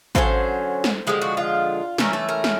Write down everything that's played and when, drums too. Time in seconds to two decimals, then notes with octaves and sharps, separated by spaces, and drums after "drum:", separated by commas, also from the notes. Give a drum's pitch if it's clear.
0.15 D3 F#3 A#3 C#4 C5, drum: kick
0.84 drum: snare
1.07 D3 F3 G#3 G4
1.22 F#4
1.37 F4
1.98 E3 A3 C#4 A#4, drum: snare
2.13 A4
2.29 A#4
2.44 drum: snare